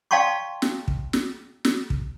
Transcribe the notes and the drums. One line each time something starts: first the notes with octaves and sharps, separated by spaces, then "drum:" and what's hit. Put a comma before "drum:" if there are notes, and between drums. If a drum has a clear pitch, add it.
D5 F5 G5 A5 C6 C#6
drum: snare
drum: kick
drum: snare
drum: snare
drum: kick